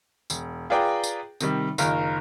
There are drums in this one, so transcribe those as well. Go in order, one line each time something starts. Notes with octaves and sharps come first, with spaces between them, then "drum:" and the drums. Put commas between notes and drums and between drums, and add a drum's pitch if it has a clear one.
E1, drum: tambourine
F4 G#4 B4 D5 G5 A#5
drum: tambourine
C3 D#3 G3, drum: tambourine
F#1 D#3 F4 A#4 A#5, drum: tambourine